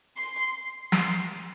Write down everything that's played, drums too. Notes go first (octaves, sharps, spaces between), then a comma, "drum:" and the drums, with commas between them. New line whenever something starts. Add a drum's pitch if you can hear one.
C6
C6, drum: snare